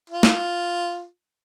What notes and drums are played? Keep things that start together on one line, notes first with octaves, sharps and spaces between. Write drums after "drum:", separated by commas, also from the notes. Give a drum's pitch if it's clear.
F4
drum: snare